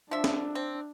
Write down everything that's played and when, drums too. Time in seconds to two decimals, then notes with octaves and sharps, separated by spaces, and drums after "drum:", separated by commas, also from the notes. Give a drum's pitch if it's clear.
0.11 F3 D4 E5
0.24 drum: snare
0.55 C4